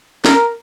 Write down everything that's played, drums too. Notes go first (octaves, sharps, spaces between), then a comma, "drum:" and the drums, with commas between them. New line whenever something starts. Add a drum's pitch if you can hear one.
A#4, drum: snare